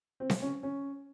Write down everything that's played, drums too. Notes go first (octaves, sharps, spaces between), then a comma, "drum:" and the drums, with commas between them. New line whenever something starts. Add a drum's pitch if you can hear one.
C4
drum: snare C4
C#4
C#4